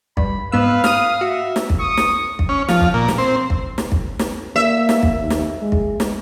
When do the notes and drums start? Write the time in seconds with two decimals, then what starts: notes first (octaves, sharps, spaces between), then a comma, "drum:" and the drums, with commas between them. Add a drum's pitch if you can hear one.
0.17 G2 B5, drum: kick
0.52 G#2 B3 B4 F5 E6
0.84 D#6 F6 D#7, drum: snare
1.21 F#4 E5
1.56 drum: snare
1.70 drum: kick
1.79 C#6 D#6
1.97 drum: snare
2.39 drum: kick
2.49 C#4
2.68 F3, drum: snare
2.81 drum: kick
2.94 A#2
3.08 drum: snare
3.18 C4
3.50 drum: kick
3.78 drum: snare
3.92 drum: kick
4.19 drum: snare
4.56 A#3 E5
4.89 drum: snare
5.03 drum: kick
5.19 D#2
5.30 drum: snare
5.62 G#3
5.72 drum: kick
6.00 drum: snare